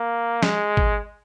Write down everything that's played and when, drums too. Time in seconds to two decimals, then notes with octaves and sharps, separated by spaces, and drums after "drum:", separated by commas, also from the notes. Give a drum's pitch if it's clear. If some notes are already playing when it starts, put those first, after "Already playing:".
Already playing: A#3
0.43 G#3, drum: snare
0.77 drum: kick G#1